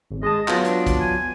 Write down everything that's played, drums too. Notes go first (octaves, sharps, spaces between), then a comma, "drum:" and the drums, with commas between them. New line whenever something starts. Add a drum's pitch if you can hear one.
G#1
G#3 D#5 A5
F#3 B3 F4, drum: clap
D4, drum: hi-hat
drum: kick, hi-hat
G#5